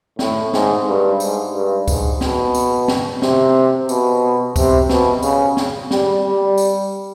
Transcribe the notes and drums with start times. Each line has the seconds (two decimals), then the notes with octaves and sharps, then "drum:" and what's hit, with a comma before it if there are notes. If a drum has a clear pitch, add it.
0.19 A2, drum: snare
0.53 G#2, drum: snare
0.87 G2
1.20 G#2, drum: tambourine
1.53 G2
1.88 G#2, drum: kick C#2, tambourine
2.21 B2, drum: snare
2.55 drum: tambourine
2.88 drum: snare
3.22 C3, drum: snare
3.89 B2, drum: tambourine
4.56 C3, drum: kick C#2, tambourine
4.89 B2, drum: snare
5.23 C#3, drum: tambourine
5.57 drum: snare
5.91 G3, drum: snare
6.24 G3
6.58 drum: tambourine